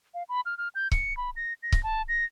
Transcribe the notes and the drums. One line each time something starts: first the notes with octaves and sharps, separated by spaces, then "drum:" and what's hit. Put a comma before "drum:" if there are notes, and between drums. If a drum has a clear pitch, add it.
F5
B5
F6
F6
G6
C#7, drum: kick C#1
B5
A#6
A#6
drum: kick C#1
A5
A#6